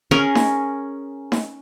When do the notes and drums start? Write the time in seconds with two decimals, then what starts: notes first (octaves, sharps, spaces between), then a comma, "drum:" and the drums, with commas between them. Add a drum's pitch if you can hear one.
0.11 C#4 G#4 A#4
0.35 drum: snare D#4
1.32 drum: snare D#4